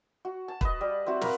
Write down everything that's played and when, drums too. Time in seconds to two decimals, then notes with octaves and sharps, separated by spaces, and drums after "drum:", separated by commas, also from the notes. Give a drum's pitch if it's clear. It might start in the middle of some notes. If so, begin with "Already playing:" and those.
0.25 F#4
0.48 A5
0.61 B4 D#5, drum: kick
0.81 G3
1.06 C4 E4 F#4
1.21 A#4 B4 D5 F5, drum: snare